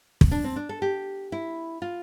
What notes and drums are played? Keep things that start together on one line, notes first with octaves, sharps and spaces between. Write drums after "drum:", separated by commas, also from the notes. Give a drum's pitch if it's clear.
drum: kick
D4
C4
D4
A4
G4
E4
F4